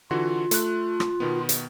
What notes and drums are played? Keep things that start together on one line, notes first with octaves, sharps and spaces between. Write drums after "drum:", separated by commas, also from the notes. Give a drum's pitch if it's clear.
D3 E3 F4 F#4
A3 F#6, drum: hi-hat
drum: rim click
B2 D#3 B3
drum: hi-hat